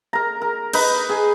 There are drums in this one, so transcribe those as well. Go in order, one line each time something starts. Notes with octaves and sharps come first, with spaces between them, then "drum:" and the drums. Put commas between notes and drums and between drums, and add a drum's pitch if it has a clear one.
A#4 A#5
A#4
D#4 B4, drum: cymbal
G#4